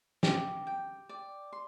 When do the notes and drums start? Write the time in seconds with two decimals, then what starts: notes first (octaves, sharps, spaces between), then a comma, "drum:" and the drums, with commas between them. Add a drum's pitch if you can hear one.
0.23 G4, drum: snare
0.67 G5
1.09 D5
1.52 C6